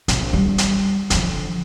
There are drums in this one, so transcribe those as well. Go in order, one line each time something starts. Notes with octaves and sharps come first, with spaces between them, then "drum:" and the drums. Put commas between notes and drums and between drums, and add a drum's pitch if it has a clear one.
A#1, drum: hi-hat
G3
drum: hi-hat
D3 F3, drum: hi-hat